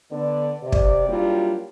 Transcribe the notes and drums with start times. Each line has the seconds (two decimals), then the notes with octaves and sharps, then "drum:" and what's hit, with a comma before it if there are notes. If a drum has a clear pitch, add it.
0.11 D3 B3 D5
0.63 C3 D5
0.72 drum: kick
1.08 F#3 G3 A#3 D4 E4 F4